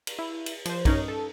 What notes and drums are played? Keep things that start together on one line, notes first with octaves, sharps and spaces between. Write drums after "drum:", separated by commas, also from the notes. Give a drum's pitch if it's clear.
drum: cymbal
E4
drum: cymbal
F3 C5, drum: cymbal
G2 C#4 D#4 A#4 C#5, drum: kick, cymbal
A4